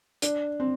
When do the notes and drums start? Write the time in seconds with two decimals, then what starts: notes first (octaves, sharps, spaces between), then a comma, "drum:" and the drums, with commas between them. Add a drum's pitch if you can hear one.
0.22 D4, drum: hi-hat
0.60 C4